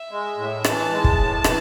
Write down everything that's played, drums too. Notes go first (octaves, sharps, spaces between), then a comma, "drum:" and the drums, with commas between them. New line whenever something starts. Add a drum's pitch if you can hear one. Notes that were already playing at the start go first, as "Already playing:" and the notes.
Already playing: E5
G#3
A2
E3 A5, drum: rim click
G#3
drum: kick
A2
E3, drum: rim click